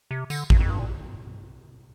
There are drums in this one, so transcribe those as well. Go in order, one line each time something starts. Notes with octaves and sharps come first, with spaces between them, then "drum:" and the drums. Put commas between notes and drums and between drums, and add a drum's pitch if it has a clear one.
C3
D3, drum: tambourine
G2, drum: kick A1
F2
G2
A#2